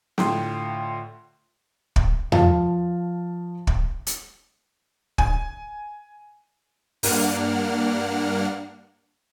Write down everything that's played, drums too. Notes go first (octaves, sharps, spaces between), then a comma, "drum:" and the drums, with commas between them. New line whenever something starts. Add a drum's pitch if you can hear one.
A2 D3 F4 G5 C6, drum: snare
drum: kick
F3 F5 A5, drum: tom E2
drum: kick
drum: hi-hat
G#5, drum: kick
G2 A#3 D4 F#5 F6, drum: open hi-hat